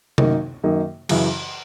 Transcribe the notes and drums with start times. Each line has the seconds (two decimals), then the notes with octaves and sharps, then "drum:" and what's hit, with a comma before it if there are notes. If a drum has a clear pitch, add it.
0.18 F#2 D#3 A#3 D#4, drum: tom C3
0.64 F#2 D#3 A#3 D#4
1.09 F#2 C#3 E3, drum: cymbal